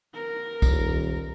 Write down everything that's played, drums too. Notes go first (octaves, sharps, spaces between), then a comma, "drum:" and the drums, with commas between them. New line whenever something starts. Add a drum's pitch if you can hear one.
A#4
D#1, drum: kick, tambourine